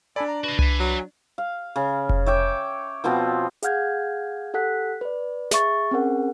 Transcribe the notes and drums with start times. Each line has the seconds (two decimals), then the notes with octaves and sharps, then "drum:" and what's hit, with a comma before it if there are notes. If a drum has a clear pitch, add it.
0.16 D4 A4 D5 G#5 B5
0.28 A#5
0.44 F#4 B4 D#5
0.59 E5 G#5, drum: tom C2
0.80 F#3
1.38 F5
1.76 C#3
2.09 drum: kick F1
2.26 C#5 E5 G5 D6
3.04 B2 F3 B3 C4
3.63 G#4 F5 F#5 F6 G6 G#6, drum: hi-hat
4.54 G4 A4 F#5 F#6 B6
5.01 B4 D5
5.51 G#4 E5 C#6 A6, drum: snare
5.91 C4 C#4 G#4 A#4 F#5